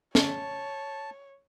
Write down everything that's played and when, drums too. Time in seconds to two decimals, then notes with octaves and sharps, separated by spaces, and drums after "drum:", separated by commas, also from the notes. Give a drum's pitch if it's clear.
0.15 C#5 A5, drum: snare